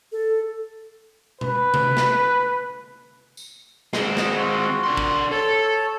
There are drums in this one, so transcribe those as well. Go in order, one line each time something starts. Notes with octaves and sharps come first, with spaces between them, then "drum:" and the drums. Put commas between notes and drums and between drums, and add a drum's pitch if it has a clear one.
A4
B4, drum: tom B2
drum: tom C3
drum: snare
drum: tambourine
G#3 C4, drum: snare
D#5, drum: snare
F4 F#4
D4 C6
drum: kick
A4 C#5 A5